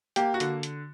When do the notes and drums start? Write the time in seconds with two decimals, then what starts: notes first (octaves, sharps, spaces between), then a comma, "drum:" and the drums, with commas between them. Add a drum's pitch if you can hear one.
0.16 A#3 G4, drum: hi-hat
0.34 F#4
0.40 D3, drum: hi-hat
0.63 drum: hi-hat